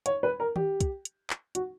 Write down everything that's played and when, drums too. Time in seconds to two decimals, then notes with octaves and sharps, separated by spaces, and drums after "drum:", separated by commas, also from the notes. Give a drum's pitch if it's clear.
0.06 C#5, drum: hi-hat
0.23 B4
0.40 A#4
0.56 G4, drum: tom D#3
0.81 drum: kick, hi-hat
1.05 drum: hi-hat
1.30 drum: clap
1.55 F#4, drum: hi-hat